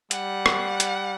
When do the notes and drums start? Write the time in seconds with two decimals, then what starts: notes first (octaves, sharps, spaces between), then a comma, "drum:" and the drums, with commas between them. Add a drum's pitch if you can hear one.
0.11 G3 F#5, drum: hi-hat
0.46 drum: rim click
0.80 drum: hi-hat